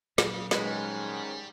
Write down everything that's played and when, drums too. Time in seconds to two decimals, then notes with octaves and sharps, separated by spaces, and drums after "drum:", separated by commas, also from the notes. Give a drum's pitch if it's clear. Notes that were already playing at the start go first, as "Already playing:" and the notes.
0.18 A#2 C#3 F#3, drum: snare
0.51 G#2 D#3 G3 G#3 C#4 B4, drum: snare